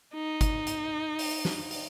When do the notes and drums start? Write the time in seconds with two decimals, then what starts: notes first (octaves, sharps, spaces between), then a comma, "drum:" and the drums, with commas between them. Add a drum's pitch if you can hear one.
0.14 D#4
0.41 drum: kick G1, hi-hat
0.67 drum: hi-hat
1.19 drum: open hi-hat
1.45 drum: snare
1.71 drum: open hi-hat